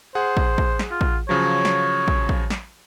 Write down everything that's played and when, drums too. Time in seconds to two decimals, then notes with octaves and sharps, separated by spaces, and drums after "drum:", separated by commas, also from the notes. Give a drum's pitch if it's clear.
0.15 G#4 C5 F#5
0.37 drum: kick
0.58 drum: kick
0.79 drum: snare
0.91 F4
1.01 drum: kick
1.29 C#3 F3 F#3 C#5
1.65 drum: snare
2.08 drum: kick
2.29 drum: kick
2.50 drum: snare